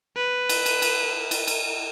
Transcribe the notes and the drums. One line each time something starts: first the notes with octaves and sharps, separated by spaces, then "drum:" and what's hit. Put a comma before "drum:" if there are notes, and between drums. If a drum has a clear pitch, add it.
B4
drum: cymbal
drum: cymbal
drum: cymbal
drum: cymbal
drum: cymbal